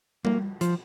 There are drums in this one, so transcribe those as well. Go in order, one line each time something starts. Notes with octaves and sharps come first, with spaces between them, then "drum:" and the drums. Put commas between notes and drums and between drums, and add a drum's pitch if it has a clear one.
A#3, drum: tom G3
F3, drum: hi-hat